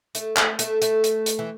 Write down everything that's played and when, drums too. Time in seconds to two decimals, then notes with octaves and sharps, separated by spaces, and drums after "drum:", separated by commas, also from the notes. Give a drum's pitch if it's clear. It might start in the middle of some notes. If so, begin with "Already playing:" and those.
0.15 A3, drum: hi-hat
0.36 A3, drum: clap
0.59 A3, drum: hi-hat
0.82 A3, drum: hi-hat
1.04 drum: hi-hat
1.26 drum: hi-hat
1.39 E3